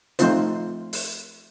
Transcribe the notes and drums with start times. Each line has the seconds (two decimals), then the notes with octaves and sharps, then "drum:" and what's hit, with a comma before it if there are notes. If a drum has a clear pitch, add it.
0.19 F3 A3 C4 D#4 F4 C5, drum: hi-hat
0.93 drum: open hi-hat